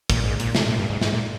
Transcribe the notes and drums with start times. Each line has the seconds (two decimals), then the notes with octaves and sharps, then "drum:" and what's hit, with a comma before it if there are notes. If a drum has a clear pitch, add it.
0.10 A#2, drum: kick, hi-hat
0.24 G#2
0.40 A#2, drum: hi-hat
0.55 C3, drum: snare
0.66 A#2
0.78 G2
0.90 G#2
1.01 G#2, drum: snare
1.13 A#2